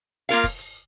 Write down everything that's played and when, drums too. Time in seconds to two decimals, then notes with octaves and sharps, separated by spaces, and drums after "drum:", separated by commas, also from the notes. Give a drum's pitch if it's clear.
0.29 A#3 F4 A#4 F5, drum: hi-hat
0.44 drum: kick, open hi-hat
0.58 drum: hi-hat